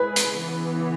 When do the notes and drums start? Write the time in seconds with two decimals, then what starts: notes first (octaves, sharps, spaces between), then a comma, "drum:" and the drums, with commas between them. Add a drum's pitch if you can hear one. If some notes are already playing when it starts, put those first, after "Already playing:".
Already playing: G#3 E4 G#4 B4
0.16 drum: hi-hat
0.32 C#3 E3 B3